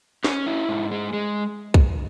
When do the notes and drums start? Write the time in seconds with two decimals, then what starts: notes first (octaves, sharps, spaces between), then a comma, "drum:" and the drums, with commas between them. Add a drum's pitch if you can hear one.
0.24 C#4, drum: snare
0.47 E4
0.69 G#2
0.91 G#3
1.13 G#3
1.74 drum: kick